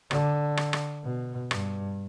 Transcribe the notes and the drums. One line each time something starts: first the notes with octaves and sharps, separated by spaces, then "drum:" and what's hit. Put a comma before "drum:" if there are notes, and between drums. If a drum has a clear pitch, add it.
D3, drum: rim click
drum: rim click
drum: rim click
B2
G2, drum: rim click